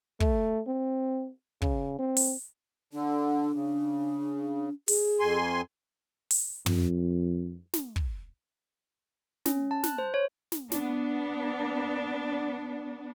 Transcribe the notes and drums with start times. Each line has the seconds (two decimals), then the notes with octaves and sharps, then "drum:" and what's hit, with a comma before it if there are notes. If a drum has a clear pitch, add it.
0.20 A3, drum: kick
0.67 C4
1.62 C#3, drum: kick
1.99 C4
2.17 drum: open hi-hat
2.93 D3 D4
3.53 C#3
4.88 G#4, drum: open hi-hat
5.19 F2 G#5 C6
6.31 drum: open hi-hat
6.66 F2, drum: tom
7.74 drum: snare
7.96 drum: kick
9.46 C#4, drum: snare
9.71 A5
9.84 F#6, drum: snare
9.98 C5
10.14 C#5
10.52 drum: snare
10.72 B3 D4, drum: snare